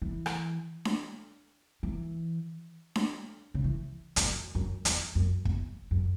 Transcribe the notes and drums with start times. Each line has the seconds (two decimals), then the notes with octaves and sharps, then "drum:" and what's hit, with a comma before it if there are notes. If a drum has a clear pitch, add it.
0.02 E3
0.26 drum: rim click
0.85 drum: snare D4
1.83 E3
2.95 drum: snare D4
3.54 C#3
3.64 E3
4.16 E2, drum: hi-hat
4.24 F#2
4.55 F#2
4.85 E2, drum: hi-hat
5.15 F#2
5.45 E2, drum: kick
5.91 F#2